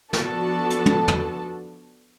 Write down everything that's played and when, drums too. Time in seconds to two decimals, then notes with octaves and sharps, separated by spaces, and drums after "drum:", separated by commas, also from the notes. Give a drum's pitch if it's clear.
0.13 F3 B3 D4 F#4 A4 A5, drum: snare
0.70 drum: hi-hat
0.86 drum: tom
1.08 drum: tom